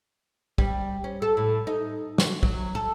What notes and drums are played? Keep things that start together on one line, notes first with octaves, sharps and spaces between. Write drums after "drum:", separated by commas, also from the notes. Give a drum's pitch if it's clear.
G3, drum: kick
C#4
A4
A2
D#4
F#4, drum: snare
F#3, drum: kick
A4